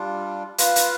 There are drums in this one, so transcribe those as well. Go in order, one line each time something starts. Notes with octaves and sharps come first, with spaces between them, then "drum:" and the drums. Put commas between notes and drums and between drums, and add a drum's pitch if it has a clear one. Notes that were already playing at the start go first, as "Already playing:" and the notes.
Already playing: G3 D4 F4
F4 B4 F5, drum: hi-hat
drum: hi-hat